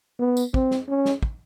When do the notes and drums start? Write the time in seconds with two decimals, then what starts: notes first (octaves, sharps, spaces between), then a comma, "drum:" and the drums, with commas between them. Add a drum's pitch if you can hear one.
0.19 B3
0.37 drum: tambourine
0.54 C4, drum: kick
0.71 drum: snare
0.88 C#4
1.05 drum: snare
1.23 drum: kick